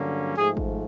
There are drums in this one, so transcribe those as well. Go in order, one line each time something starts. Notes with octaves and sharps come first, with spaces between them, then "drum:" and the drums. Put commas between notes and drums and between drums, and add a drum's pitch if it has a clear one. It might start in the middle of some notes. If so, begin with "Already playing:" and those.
Already playing: G2 D3 F#3 A#3 C#4
G#2 F3 A3 G#4
drum: kick G#1